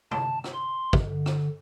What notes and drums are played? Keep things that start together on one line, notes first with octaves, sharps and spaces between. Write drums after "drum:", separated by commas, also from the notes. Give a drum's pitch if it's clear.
A5, drum: tom C3
drum: rim click
C6
drum: kick
D3
drum: rim click